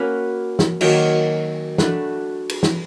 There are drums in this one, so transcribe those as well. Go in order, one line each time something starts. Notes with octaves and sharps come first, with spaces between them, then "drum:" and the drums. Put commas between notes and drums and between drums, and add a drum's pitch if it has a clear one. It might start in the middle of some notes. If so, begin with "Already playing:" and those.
Already playing: A#3 C#4 F#4 B4
drum: snare
D#3 F#3 A#3, drum: cymbal
A3 D4 F#4 B4, drum: snare
drum: cymbal
drum: snare